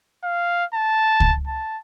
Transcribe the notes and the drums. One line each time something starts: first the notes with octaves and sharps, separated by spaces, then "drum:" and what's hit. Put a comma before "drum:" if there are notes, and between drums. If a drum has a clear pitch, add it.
F5
A5
drum: kick C#2
A5